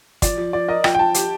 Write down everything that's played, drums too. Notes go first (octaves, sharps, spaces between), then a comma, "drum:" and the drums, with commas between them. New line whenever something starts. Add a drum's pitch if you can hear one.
F3 D5, drum: kick, hi-hat
F3
F3 D5
A#4 D#5
F3 G5, drum: rim click
G5
F3 A5
G4, drum: hi-hat